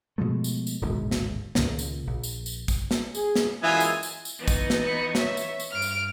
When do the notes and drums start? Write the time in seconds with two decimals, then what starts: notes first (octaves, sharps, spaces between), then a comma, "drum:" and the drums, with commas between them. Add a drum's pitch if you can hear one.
0.18 B2 F3 G#3 A3
0.44 drum: tambourine
0.67 drum: tambourine
0.81 D1 G#1 B2 G#3
1.11 drum: snare
1.55 C#2 A#2 D#3, drum: snare
1.79 drum: tambourine
2.07 A#1
2.23 drum: tambourine
2.46 drum: tambourine
2.68 drum: kick, tambourine
2.91 drum: snare
3.15 G#4, drum: tambourine
3.36 drum: snare
3.63 F#2 A#2 E3 G#3 F4 E5 G#5 D#6
3.80 drum: tambourine
4.03 drum: tambourine
4.25 drum: tambourine
4.39 E3 B3 D#4
4.48 drum: kick, tambourine
4.70 drum: snare
4.86 B5 C#7
5.15 C#5 E5, drum: snare
5.37 drum: tambourine
5.60 drum: tambourine
5.72 G2 F6 D7
5.82 drum: tambourine